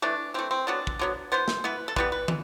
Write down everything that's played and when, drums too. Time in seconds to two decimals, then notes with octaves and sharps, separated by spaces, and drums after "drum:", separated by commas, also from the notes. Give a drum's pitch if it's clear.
0.02 E3 A3 D4
0.34 E3 A3 C4
0.51 C4
0.67 D3 F#3 B3 D4
0.87 drum: kick
0.99 D3 F#3 B3
1.32 E3 B3 C5
1.48 drum: snare
1.64 E3 B3 B4
1.88 A4
1.96 E3 G3 B3 B4, drum: kick
2.12 B4
2.28 E3, drum: tom